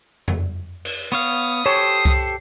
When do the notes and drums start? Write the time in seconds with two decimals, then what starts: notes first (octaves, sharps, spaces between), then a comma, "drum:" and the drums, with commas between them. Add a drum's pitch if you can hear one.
0.28 drum: tom F2
0.85 drum: cymbal
1.12 B3 C#5 F5 D#6
1.66 G4 A4 C5 C#5 C7
2.05 drum: kick C2